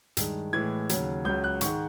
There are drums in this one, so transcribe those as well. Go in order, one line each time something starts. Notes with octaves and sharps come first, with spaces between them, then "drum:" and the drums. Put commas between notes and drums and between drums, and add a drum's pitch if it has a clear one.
G2 D#3 G#3, drum: hi-hat
A2 E3 G#3 G#6
D#2 C#3 F#3, drum: hi-hat
C#2 C#3 F#3 G6
F#6
G#2 D#3 G#3 C#6, drum: hi-hat